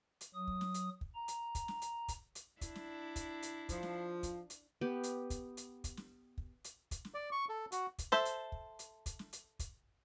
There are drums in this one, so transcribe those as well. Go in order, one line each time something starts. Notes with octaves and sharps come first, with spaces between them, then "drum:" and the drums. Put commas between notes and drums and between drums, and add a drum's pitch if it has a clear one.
drum: hi-hat
F#3 D#6
drum: kick
drum: snare
drum: hi-hat
drum: kick
A#5
drum: hi-hat
drum: kick, hi-hat
drum: snare
drum: hi-hat
drum: kick, hi-hat
drum: hi-hat
D4 E4, drum: kick, hi-hat
drum: snare
drum: kick, hi-hat
drum: hi-hat
F3, drum: kick, hi-hat
drum: snare
drum: kick, hi-hat
drum: hi-hat
B3 G4
drum: hi-hat
drum: kick, hi-hat
drum: hi-hat
drum: kick, hi-hat
drum: snare
drum: kick
drum: hi-hat
drum: kick, hi-hat
drum: snare
D5
C#6
A4
F#4, drum: hi-hat
drum: kick, hi-hat
A4 C5 E5, drum: snare
drum: hi-hat
drum: kick
drum: hi-hat
drum: kick, hi-hat
drum: snare
drum: hi-hat
drum: kick, hi-hat